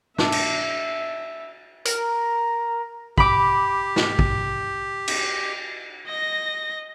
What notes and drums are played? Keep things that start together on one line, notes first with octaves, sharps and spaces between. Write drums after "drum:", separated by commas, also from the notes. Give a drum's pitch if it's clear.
D4 E5, drum: snare
drum: cymbal
A#4, drum: hi-hat
G4 B5 D6, drum: kick
drum: snare
drum: kick
drum: cymbal
D#5 A#6